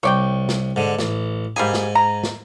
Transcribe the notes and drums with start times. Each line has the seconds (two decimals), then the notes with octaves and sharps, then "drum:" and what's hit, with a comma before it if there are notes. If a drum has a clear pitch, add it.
0.03 C2 C#5 D5 G5
0.49 drum: snare
0.76 G#2 D3
0.99 A1, drum: snare
1.56 G#2 G3 A#3 G#4 G#5
1.74 drum: snare
1.95 A#5
2.24 drum: snare